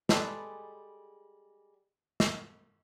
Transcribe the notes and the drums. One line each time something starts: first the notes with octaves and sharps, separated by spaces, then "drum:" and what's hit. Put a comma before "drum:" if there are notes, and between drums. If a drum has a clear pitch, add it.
G3 G#3 G#4 A4 B4, drum: snare
drum: snare